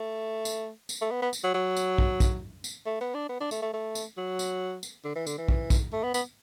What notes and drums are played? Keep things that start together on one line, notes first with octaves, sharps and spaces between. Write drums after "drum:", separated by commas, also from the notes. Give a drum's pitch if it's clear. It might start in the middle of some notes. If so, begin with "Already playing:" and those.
Already playing: A3
drum: tambourine
drum: tambourine
A3
B3
B3
drum: tambourine
F#3
F#3
drum: tambourine
drum: kick
drum: kick, tambourine
drum: tambourine
A3
B3
D4
B3
D4
A3, drum: tambourine
A3
A3
drum: tambourine
F#3
drum: tambourine
drum: tambourine
D3
E3
D3, drum: tambourine
E3
drum: kick
drum: kick, tambourine
A3
B3
B3, drum: tambourine